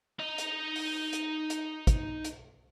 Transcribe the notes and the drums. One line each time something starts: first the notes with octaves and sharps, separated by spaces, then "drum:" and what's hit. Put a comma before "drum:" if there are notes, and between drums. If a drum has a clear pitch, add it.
D#4 D#5
drum: hi-hat
drum: open hi-hat
drum: hi-hat
drum: hi-hat
drum: kick, hi-hat
drum: hi-hat